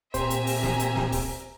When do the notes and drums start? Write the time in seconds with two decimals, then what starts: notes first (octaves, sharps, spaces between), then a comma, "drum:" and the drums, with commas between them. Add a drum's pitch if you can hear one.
0.14 A#2 C4 G4 C5 E5 G#5 A#5, drum: kick, hi-hat
0.30 drum: hi-hat
0.47 drum: open hi-hat
0.63 drum: snare
0.79 drum: hi-hat
0.96 drum: snare
1.12 drum: kick, open hi-hat